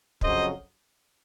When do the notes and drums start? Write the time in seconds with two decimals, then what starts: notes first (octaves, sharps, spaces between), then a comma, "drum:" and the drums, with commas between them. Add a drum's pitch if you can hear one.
0.21 F2 C#3 F#3 C5 D#5, drum: kick